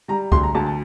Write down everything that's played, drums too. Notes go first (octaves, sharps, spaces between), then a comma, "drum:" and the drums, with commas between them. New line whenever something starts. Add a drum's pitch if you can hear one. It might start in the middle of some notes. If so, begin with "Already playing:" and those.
G3 A#5
D2 C6, drum: kick C#2
A#5
D2 A5
A5